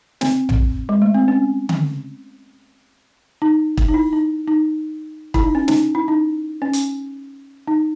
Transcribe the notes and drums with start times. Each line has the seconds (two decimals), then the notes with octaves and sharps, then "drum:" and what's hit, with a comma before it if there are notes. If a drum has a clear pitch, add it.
0.21 C4, drum: snare
0.49 drum: tom A#1
0.89 G#3
1.02 A3
1.14 C4
1.28 C#4
1.69 drum: tom D3
3.42 D#4
3.77 drum: kick
3.88 D#4
3.94 E4
4.13 D#4
4.48 D#4
5.34 E4, drum: kick
5.44 D#4
5.55 C#4
5.68 D#4, drum: snare
5.95 E4
6.08 D#4
6.62 C#4
6.73 drum: hi-hat
7.68 D#4